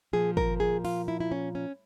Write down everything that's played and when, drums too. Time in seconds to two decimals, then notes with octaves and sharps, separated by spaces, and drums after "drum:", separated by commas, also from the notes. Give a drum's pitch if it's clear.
0.13 A#2 F3 G#4
0.37 A#4, drum: kick
0.60 G#4
0.85 F4, drum: open hi-hat
1.08 E4
1.20 E4
1.31 C#4
1.55 C#4